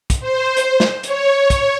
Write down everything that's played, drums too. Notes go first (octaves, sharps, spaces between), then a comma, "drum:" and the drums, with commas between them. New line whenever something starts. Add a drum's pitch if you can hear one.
drum: kick, hi-hat
C5
drum: hi-hat
drum: snare
C#5, drum: hi-hat
drum: kick, hi-hat